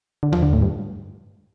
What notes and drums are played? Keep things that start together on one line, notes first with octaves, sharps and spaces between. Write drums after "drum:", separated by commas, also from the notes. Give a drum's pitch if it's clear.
D3
F3, drum: tom D#2
D3
A2
G2